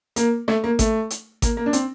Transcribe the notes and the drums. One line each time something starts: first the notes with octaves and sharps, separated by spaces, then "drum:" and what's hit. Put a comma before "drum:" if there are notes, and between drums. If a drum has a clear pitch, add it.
A#3, drum: hi-hat
A3, drum: rim click
A#3
A3, drum: kick G#1, hi-hat
drum: hi-hat
A#3, drum: kick G#1, hi-hat
A#3
D4
C4, drum: hi-hat